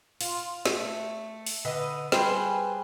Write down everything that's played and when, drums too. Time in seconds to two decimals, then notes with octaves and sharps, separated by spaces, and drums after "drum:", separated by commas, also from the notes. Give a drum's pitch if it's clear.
0.21 F4, drum: open hi-hat
0.65 A3, drum: snare
1.46 drum: open hi-hat
1.65 D3 B4 D#5
2.12 G3 G#4 B4 C5, drum: snare